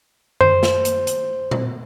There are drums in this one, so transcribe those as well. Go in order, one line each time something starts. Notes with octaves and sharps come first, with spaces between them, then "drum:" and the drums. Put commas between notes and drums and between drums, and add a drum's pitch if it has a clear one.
C5, drum: tom F#2
drum: snare
drum: hi-hat
drum: hi-hat
drum: tom A#2